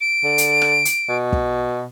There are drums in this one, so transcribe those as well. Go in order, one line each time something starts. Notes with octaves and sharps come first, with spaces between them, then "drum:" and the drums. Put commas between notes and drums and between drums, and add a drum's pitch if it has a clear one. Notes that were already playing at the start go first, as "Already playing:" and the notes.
D7
D3
drum: hi-hat
drum: rim click
drum: hi-hat
B2
drum: kick